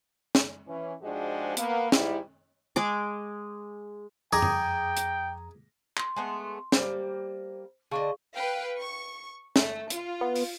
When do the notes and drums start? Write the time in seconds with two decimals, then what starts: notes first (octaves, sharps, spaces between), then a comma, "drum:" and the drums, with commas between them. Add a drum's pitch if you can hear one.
0.35 drum: snare
0.68 E3 C#4
1.02 G#2 F3 G#3 D4 F#4 G4
1.57 A#3 B3, drum: hi-hat
1.92 G#2 G3 E4, drum: snare
2.76 G#3 G#4 D6
4.33 F2 G#4 G5 A#5 D6 D#6 A#6
4.42 drum: tom F#2
4.97 drum: hi-hat
5.97 C6, drum: clap
6.16 G#3 A3 B3
6.72 G3 A#3 C5, drum: snare
7.91 D3 D4 G#4 D#5 F5 C#6
8.34 B4 F5 G5
8.78 C#6
9.56 A3, drum: snare
9.90 F4, drum: hi-hat
10.21 B3
10.36 drum: open hi-hat